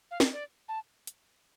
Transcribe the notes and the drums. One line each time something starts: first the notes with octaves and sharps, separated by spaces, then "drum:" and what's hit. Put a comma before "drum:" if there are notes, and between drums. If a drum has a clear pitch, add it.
F5
drum: snare
D5
A5
drum: hi-hat